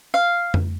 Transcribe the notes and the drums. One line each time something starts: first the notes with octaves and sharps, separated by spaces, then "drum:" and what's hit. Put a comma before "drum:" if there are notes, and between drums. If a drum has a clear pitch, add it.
F5
drum: tom F2